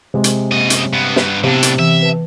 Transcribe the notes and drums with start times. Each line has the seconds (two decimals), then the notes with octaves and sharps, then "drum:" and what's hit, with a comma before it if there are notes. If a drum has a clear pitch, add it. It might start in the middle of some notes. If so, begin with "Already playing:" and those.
0.14 C3 G#3
0.24 drum: hi-hat
0.52 F#2 A#3 D#5
0.70 drum: hi-hat
0.93 G2 B3
1.16 drum: snare
1.44 A2 C3 B3 D4 F5
1.63 drum: hi-hat
1.79 E3 E5
2.02 B4 A5